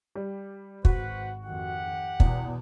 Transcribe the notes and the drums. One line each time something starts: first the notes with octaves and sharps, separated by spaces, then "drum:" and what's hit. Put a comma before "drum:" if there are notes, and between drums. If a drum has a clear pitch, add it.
G3
G#1 F#4 B4 C5 F#5, drum: kick
F2 D#3 G4 F#5
E2 B2, drum: kick